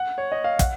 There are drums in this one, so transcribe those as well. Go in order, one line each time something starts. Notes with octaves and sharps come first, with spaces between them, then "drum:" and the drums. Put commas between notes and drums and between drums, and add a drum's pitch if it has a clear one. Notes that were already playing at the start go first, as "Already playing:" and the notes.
Already playing: F#5
C#5
D#5
F5
F#5, drum: kick, hi-hat